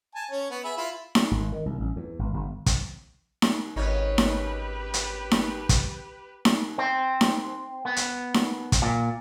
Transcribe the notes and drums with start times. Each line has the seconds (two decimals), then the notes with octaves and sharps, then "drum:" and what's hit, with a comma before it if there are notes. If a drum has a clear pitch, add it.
0.15 G#5 A5
0.31 C#4 C#5
0.51 B3
0.64 G#4 B4 E5
0.77 E4 F4 B5
1.15 drum: snare D#4
1.31 G#1
1.52 D#3
1.66 C2
1.80 A1
1.96 E2
2.19 G#1
2.34 G1
2.66 drum: kick, hi-hat
3.42 drum: snare D#4
3.76 G#1 C#4 D#4 G4 B4 C#5
4.18 drum: snare D#4
4.94 drum: hi-hat
5.31 drum: snare D#4
5.69 drum: kick, hi-hat
6.45 drum: snare D#4
6.78 C4
7.21 drum: snare D#4
7.85 B3
7.96 drum: hi-hat
8.34 drum: snare D#4
8.72 drum: kick, hi-hat
8.82 A#2